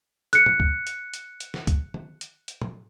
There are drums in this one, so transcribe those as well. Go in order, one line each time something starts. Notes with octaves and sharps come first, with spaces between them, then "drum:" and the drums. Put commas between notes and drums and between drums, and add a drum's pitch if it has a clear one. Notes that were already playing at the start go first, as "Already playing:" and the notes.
F#6 C#7, drum: hi-hat
drum: tom A2
drum: kick C#2
drum: hi-hat
drum: hi-hat
drum: hi-hat
drum: snare
drum: kick C#2, hi-hat
drum: tom
drum: hi-hat
drum: hi-hat
drum: tom A2